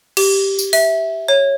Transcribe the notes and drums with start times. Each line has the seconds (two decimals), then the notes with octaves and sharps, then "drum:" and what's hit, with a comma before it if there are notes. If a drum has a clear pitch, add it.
0.17 G4, drum: cymbal
0.59 drum: tambourine
0.73 E5, drum: open hi-hat
1.28 C#5